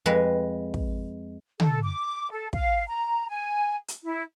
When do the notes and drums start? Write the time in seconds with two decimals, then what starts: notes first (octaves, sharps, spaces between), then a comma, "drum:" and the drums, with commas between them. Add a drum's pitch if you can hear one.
0.06 F2 G#3 B4
0.74 drum: kick
1.60 A4, drum: tom
1.83 D6
2.30 A4
2.53 F5, drum: kick
2.88 A#5
3.29 G#5
3.88 drum: hi-hat
4.04 E4